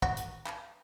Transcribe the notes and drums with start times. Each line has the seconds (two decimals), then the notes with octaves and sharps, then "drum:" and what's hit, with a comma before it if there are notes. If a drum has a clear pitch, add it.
0.02 F#4, drum: kick
0.17 drum: hi-hat
0.46 drum: clap